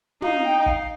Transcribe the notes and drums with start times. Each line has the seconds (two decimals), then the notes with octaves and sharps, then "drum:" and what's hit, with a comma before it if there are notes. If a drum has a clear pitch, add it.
0.22 D#4 F5, drum: tom
0.44 G5
0.66 F5, drum: kick